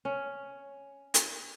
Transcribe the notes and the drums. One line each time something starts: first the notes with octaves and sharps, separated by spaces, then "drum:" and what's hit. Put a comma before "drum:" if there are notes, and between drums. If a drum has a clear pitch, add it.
C#4
drum: hi-hat